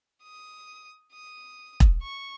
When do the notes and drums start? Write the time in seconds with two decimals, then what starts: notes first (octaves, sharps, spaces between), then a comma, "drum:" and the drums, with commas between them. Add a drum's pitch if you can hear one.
0.23 D#6
1.13 D#6
1.80 drum: kick E1
2.02 C#6